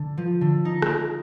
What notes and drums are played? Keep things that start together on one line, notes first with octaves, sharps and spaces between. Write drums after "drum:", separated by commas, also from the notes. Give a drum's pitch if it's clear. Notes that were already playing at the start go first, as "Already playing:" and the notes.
Already playing: D3 D4
F3
D3
D#4
drum: rim click